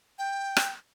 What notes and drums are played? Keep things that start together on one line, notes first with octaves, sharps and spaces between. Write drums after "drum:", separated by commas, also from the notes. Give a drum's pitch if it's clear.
G5
drum: rim click